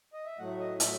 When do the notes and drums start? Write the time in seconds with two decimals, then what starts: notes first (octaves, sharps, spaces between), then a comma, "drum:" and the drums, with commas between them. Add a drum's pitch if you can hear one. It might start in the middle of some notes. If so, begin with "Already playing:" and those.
0.13 D#5
0.26 E5
0.39 A2 F#3 A3 F#5
0.60 D#5
0.80 A2 F#3 E5, drum: hi-hat